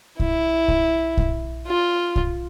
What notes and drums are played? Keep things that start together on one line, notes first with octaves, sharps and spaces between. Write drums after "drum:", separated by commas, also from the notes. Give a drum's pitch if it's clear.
E4, drum: kick B1
drum: kick B1
drum: kick B1
F4
drum: kick B1